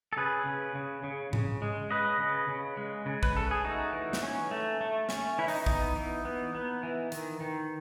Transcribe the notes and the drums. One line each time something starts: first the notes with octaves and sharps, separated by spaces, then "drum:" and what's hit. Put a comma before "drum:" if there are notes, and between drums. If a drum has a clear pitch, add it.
A4
C#3 G#4 B4
C#3
C#3
C#3
C#3, drum: tom G#2
G#3
C#3 B4 D#5
C#3
C#3
G#3
C#3
B4, drum: kick A#1
C#3 A4
G#4
A3 D#4 F#4
E3
drum: snare
C#4
A3
A3
C#4, drum: snare
E3 E4
D#4, drum: open hi-hat
B3 D#4, drum: kick A#1
E3
B3
B3
E3
D#3, drum: hi-hat
D#3